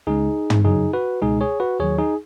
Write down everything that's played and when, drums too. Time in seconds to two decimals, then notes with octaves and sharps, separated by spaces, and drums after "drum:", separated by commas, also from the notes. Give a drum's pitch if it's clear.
0.07 C#2 C#3 G#3 D#4 G#4
0.50 drum: tom
0.64 F#2 C#3 F#3 D#4 G#4
0.93 F#4 B4
1.22 C#2 B2 G#3 D#4 G#4
1.41 G#4 C#5
1.60 F#4 B4
1.80 D#2 D#3 F#3 G#4 C#5
1.98 D#4 G#4